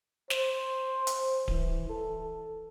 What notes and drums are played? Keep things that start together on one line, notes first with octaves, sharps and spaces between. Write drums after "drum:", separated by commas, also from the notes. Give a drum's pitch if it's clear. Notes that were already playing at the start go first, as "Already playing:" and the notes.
C5, drum: snare
drum: hi-hat
E3, drum: kick D1
A4